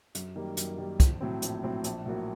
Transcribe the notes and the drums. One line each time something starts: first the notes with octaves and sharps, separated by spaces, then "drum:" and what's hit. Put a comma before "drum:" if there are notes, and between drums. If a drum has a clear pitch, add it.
F#2, drum: hi-hat
D#3 G3 A#3
F#2, drum: hi-hat
D#3 G3 A#3
A#1, drum: kick, hi-hat
A2 F#3 C4
A#1, drum: hi-hat
A2 F#3 C4
A#1, drum: hi-hat
A2 F#3 A#3 F#4